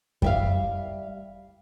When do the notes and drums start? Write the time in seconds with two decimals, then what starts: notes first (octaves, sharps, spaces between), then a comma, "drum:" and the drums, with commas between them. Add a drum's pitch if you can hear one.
0.22 G3 E5 F5, drum: kick F#2